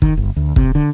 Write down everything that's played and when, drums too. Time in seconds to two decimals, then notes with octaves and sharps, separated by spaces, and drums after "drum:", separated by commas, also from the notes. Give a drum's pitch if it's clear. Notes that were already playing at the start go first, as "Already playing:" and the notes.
0.02 D#3, drum: kick
0.17 G1
0.36 D2
0.56 C3, drum: kick
0.75 D3